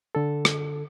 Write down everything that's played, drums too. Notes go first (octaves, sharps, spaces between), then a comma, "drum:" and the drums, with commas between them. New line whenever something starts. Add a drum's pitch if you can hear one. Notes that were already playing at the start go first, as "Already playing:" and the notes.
D3 A4
drum: rim click